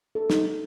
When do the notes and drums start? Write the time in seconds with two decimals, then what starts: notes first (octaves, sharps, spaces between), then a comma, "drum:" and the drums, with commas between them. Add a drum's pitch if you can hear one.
0.15 A4
0.30 D#4, drum: snare
0.45 D#4